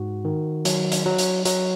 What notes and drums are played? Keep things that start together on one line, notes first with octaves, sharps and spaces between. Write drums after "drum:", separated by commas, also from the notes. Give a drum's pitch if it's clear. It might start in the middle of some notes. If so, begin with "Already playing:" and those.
Already playing: G#2 F#4
D#3
F#3, drum: hi-hat
drum: hi-hat
F#3
drum: hi-hat
F#3, drum: hi-hat